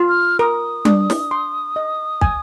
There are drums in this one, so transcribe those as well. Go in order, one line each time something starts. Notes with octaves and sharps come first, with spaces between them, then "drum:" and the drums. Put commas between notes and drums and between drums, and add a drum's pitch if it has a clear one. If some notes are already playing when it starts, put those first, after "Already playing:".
Already playing: F4
F6
A#4 D#6
D4, drum: tom G3
drum: snare
C6
D#5
G#5, drum: kick